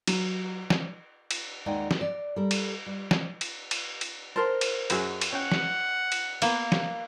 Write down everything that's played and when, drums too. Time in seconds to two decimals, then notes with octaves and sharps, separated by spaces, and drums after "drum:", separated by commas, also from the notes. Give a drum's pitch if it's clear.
0.07 F#3, drum: cymbal
0.70 drum: snare
1.31 drum: cymbal
1.66 D#2 G#3 D#4 D5 F#5 G5
1.91 drum: snare
2.01 D5
2.36 G3 A4 A#4
2.51 drum: cymbal
2.86 G3
3.11 drum: snare
3.41 drum: cymbal
3.71 drum: cymbal
4.01 drum: cymbal
4.36 A#4 C5 A5 C6
4.61 drum: cymbal
4.90 F#2 F#3 G#4, drum: cymbal
5.21 drum: cymbal
5.33 C#4 F#5 G5
5.52 drum: snare
6.12 drum: cymbal
6.42 A#3 B3, drum: cymbal
6.72 drum: snare